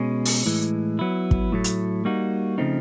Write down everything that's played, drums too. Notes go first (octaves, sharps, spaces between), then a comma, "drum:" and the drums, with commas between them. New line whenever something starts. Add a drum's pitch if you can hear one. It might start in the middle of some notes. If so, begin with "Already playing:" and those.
Already playing: B2 G#3 C#4
drum: open hi-hat
A2 E3 G#3
F#3 B3 E4
drum: kick
A2 F#3 A3
drum: hi-hat
G3 A#3 D#4 F#4
C#3 F3 A3 C4 D#4